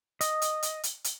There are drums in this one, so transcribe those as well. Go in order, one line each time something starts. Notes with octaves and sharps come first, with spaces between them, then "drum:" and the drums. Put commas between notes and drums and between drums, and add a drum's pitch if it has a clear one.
D#5, drum: hi-hat
drum: hi-hat
drum: hi-hat
drum: hi-hat
drum: hi-hat